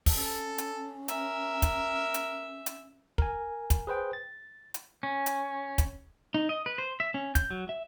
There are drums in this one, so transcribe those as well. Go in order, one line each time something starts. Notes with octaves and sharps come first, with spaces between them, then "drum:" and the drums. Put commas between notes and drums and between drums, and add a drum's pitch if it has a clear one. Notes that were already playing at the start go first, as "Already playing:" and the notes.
drum: kick, open hi-hat
C#4 A4
drum: hi-hat
A#4 E5, drum: hi-hat
drum: kick, hi-hat
drum: hi-hat
drum: hi-hat
A#4 G#5, drum: kick
drum: kick, hi-hat
G#4 B4 C5 G5
A6
drum: hi-hat
C#4
drum: hi-hat
drum: kick, hi-hat
D#4
D#5
B4
C5
E5
C#4
G6, drum: kick, hi-hat
F#3
E5